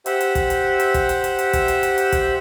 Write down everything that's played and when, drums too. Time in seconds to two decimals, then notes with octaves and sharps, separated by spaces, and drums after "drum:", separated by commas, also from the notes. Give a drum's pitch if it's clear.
0.06 G4 C5 E5 F#5, drum: hi-hat
0.21 drum: hi-hat
0.35 drum: kick, hi-hat
0.50 drum: hi-hat
0.80 drum: hi-hat
0.94 drum: kick, hi-hat
1.09 drum: hi-hat
1.24 drum: hi-hat
1.39 drum: hi-hat
1.53 drum: kick, hi-hat
1.68 drum: hi-hat
1.83 drum: hi-hat
1.98 drum: hi-hat
2.12 drum: kick, hi-hat